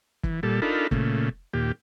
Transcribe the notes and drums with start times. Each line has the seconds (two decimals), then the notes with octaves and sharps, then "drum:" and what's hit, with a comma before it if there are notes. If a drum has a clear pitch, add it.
0.24 E3, drum: kick
0.43 A#2 G3 A4
0.62 D4 D#4 F4 A4 A#4 B5
0.91 A#2 C#3 A3, drum: kick
1.54 D#2 A#2 G4